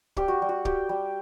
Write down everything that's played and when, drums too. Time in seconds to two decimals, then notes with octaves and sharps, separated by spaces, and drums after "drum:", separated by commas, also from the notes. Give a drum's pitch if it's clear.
0.17 G3 G4, drum: kick
0.28 F#4
0.42 G3
0.49 F#4
0.65 G3 G4, drum: kick
0.89 G3